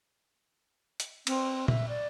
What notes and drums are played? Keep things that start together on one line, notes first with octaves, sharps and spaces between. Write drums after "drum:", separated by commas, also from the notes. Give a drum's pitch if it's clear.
drum: hi-hat
C4, drum: cymbal
E5, drum: tom A#2
D5